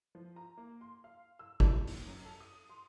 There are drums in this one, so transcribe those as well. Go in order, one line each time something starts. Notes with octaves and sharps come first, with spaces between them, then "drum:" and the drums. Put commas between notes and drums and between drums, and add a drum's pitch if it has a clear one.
F3
A#5
A#3
C6
F5
E6
A4, drum: kick
D#2, drum: open hi-hat
F#2
A4
D#6
C6